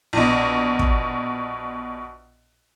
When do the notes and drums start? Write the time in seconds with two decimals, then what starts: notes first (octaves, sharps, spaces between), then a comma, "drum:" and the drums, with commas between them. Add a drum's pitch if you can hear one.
0.13 A#1 B2
0.79 drum: kick